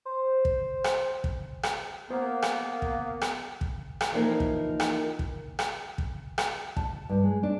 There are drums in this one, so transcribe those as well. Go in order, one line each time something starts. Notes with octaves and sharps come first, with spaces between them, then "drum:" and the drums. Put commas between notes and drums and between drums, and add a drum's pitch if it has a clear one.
C5
drum: kick
drum: rim click
drum: kick
drum: rim click
A#3 B3 C5 F5 A#5
drum: rim click
drum: kick
drum: rim click
drum: kick
drum: rim click
E3 F3 A#3 D#4 A#4
drum: kick
drum: rim click
drum: kick
drum: rim click
drum: kick
drum: rim click
A5, drum: kick
G2
G#3
D4